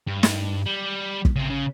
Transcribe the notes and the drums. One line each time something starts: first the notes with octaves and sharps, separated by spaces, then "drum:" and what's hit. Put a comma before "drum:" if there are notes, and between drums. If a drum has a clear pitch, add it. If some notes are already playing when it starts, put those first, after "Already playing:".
G2
drum: snare
G3
drum: kick
C#3 C4
C#3